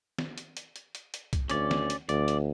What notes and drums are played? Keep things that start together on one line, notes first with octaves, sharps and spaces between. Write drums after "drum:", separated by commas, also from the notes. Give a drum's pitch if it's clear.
drum: snare
drum: hi-hat
drum: hi-hat
drum: hi-hat
drum: hi-hat
drum: hi-hat
drum: kick, hi-hat
D2 C#4 D5, drum: hi-hat
drum: snare
drum: hi-hat
D2 D5, drum: hi-hat
drum: hi-hat